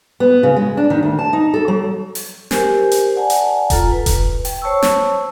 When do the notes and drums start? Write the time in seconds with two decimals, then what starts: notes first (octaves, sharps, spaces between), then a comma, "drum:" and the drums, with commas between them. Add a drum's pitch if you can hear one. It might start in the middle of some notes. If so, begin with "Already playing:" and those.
0.20 B3
0.43 C#3
0.56 G#3
0.77 D4
0.90 D#3
1.03 D2
1.19 A5
1.33 D#4
1.54 A4
1.68 F#3
2.15 drum: open hi-hat
2.51 G4 A#4 C5 G#5, drum: snare
2.92 drum: hi-hat
3.16 D5 F#5 G#5 A5
3.30 drum: hi-hat
3.70 F4 A4 A#5, drum: kick E1, hi-hat
3.92 B4
4.06 drum: kick E1, hi-hat
4.45 G5, drum: open hi-hat
4.62 C5 C#5 A5 C#6 E6
4.82 drum: snare